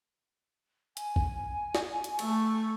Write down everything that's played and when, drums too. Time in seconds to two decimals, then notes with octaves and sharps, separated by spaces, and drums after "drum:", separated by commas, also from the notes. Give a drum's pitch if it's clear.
0.97 G#5, drum: hi-hat
1.16 drum: kick
1.75 drum: snare
2.04 drum: hi-hat
2.19 A3 C#6, drum: cymbal